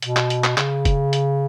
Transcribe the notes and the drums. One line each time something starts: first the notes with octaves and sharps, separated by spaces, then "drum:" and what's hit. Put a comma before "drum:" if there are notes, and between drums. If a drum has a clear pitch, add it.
B2, drum: hi-hat
drum: clap
drum: hi-hat
drum: clap
C#3, drum: clap
drum: kick, hi-hat
drum: hi-hat